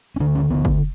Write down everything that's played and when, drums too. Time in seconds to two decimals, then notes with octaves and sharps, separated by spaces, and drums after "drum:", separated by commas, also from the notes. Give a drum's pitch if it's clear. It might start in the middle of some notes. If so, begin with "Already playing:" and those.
0.16 C#4
0.20 D2 D3 D4
0.35 C#4
0.50 D2 D3 B3
0.65 drum: kick